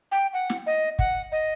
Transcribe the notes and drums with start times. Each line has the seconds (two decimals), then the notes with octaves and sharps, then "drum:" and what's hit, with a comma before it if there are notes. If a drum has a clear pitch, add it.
0.12 G5
0.34 F#5
0.50 drum: snare
0.67 D#5
0.99 F#5, drum: kick
1.32 D#5